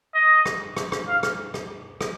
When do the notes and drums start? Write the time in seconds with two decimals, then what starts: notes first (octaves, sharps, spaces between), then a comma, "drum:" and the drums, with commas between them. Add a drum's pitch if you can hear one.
0.14 D#5
0.46 drum: rim click
0.77 drum: rim click
0.92 drum: rim click
1.08 F5
1.23 drum: rim click
1.54 drum: rim click
2.01 drum: rim click